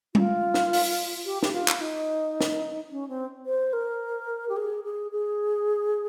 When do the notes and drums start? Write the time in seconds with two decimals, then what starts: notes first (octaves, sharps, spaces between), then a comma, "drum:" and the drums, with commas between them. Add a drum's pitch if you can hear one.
0.15 F4, drum: tom G3
0.54 drum: snare
0.73 drum: open hi-hat
1.26 G4
1.43 G4, drum: snare
1.53 F4
1.68 drum: clap
1.81 D#4
2.41 drum: snare
2.91 C#4
3.09 C4
3.46 C5
3.73 A#4
4.49 G4
4.56 G#4
4.84 G#4
5.12 G#4